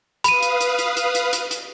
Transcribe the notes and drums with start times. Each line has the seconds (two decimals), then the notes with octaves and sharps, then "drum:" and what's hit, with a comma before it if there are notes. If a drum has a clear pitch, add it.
0.24 B4 F5 B5 D#6 D#7, drum: hi-hat
0.42 drum: hi-hat
0.61 drum: hi-hat
0.79 drum: hi-hat
0.97 drum: hi-hat
1.15 drum: hi-hat
1.33 drum: hi-hat
1.51 drum: hi-hat